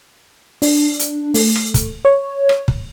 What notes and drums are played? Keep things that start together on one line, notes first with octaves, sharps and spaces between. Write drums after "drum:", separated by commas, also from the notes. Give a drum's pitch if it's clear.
D4, drum: open hi-hat
drum: hi-hat
A3, drum: open hi-hat
drum: rim click
drum: kick, hi-hat
C#5
drum: rim click
drum: kick